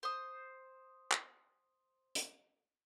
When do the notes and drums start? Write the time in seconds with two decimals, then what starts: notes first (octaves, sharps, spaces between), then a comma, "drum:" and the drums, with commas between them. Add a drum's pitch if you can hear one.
0.03 C5 D#6
1.11 drum: clap
2.15 drum: hi-hat